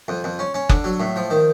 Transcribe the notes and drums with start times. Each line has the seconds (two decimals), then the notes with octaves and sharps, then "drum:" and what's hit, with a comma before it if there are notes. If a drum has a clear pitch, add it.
0.08 F2
0.24 F2
0.39 C#4
0.54 C#4
0.69 D3, drum: kick F#1
0.84 F#3
1.00 A2
1.16 F3
1.30 D#3